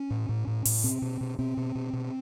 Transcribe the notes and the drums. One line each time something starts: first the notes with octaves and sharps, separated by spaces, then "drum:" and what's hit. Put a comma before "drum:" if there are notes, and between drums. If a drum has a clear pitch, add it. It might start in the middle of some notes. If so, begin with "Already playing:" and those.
Already playing: C#4
A2
A2
A2
A2, drum: open hi-hat
B2 C4
B2
B2
B2 C4
B2
B2
B2